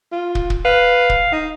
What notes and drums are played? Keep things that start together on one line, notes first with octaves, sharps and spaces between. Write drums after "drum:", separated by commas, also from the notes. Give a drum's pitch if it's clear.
F4
drum: kick
drum: kick
B4 F5
drum: kick
D#4